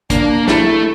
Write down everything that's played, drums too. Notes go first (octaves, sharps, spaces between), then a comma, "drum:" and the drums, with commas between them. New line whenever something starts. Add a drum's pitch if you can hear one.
A#3 D4, drum: kick, hi-hat
A3 E4, drum: snare